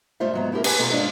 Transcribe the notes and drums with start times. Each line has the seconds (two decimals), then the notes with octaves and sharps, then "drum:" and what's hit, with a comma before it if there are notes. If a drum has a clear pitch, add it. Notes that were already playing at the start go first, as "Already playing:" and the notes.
0.20 G#2 G3 A3 F4 C5 E5
0.33 G#2 F#3 B3
0.52 A3 E4 F4 G4 A#4
0.64 G4 G#4 B4 C#5 F#5 G#5, drum: cymbal
0.79 B2 F4 A4 A#5
0.90 G#2 D4 F4